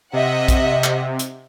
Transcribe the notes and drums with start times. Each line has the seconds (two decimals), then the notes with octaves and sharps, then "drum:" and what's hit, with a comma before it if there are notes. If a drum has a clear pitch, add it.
0.13 C3 D#5 E5 F#5
0.48 drum: kick A#1, hi-hat
0.84 drum: clap
1.19 drum: hi-hat